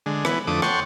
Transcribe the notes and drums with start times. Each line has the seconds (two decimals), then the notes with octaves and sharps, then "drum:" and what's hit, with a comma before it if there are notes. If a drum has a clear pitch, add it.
0.06 D3 G#3
0.25 E3 B3, drum: rim click
0.47 F2 D3 A3 D6 D#6
0.62 C#5 F#5 G5 A5 C6 C#6, drum: rim click